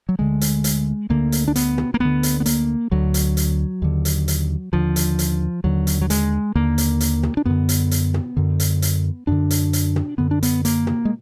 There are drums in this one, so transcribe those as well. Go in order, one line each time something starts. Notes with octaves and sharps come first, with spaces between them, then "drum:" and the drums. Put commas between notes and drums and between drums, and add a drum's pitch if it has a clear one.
F#3
D2 D3 G#3
drum: hi-hat
drum: hi-hat
D2 D3 A#3
drum: hi-hat
D4
B3, drum: hi-hat
drum: tom
A#3
D2 D3 B3
drum: hi-hat
B3
A#3, drum: hi-hat
D2 D3 F#3
drum: hi-hat
drum: hi-hat
D#2 D3
drum: hi-hat
drum: hi-hat
D#2 D3 F3
drum: hi-hat
drum: hi-hat
D#2 D3 F#3
drum: hi-hat
F#3
G#3, drum: hi-hat
D#2 D3 A#3
drum: hi-hat
drum: hi-hat
drum: tom
D4
F#2 D3 B3
drum: hi-hat
drum: hi-hat
drum: tom
F#2 D3
drum: hi-hat
drum: hi-hat
F#2 D3 D4
drum: hi-hat
drum: hi-hat
drum: tom
F#2 D3 B3
D4
B3, drum: hi-hat
A#3, drum: hi-hat
drum: tom
G#3